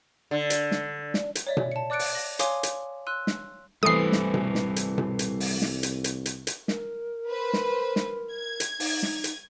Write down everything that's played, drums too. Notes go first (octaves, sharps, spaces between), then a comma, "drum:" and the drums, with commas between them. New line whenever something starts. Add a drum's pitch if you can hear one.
D3
drum: hi-hat
drum: snare
drum: snare
drum: hi-hat
C#5 D5 E5
drum: tom B2
A5 C#7
D5 D6 F#6 A6 C#7 D7
drum: open hi-hat
A#6
C#5 F5 G#5 C6 D6 D#6, drum: hi-hat
drum: hi-hat
C6 E6 F#6 D#7
drum: snare
C2 E3 G3 A3 B4 C5 D#6 C7
drum: snare
drum: tom B2
drum: snare
drum: hi-hat
drum: tom B2
drum: hi-hat
drum: open hi-hat
drum: snare
drum: hi-hat
drum: hi-hat
drum: hi-hat
drum: hi-hat
A#4, drum: snare
B4 C5
drum: snare
drum: snare
G#6
drum: hi-hat
D#4, drum: open hi-hat
drum: snare
drum: hi-hat